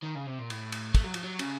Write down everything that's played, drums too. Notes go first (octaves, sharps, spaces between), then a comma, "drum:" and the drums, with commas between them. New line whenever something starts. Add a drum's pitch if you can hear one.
D#3
C#3
C3
A#2
A2, drum: cymbal
drum: cymbal
A3, drum: kick, cymbal
F#3
F3, drum: cymbal
F#3
C#3, drum: cymbal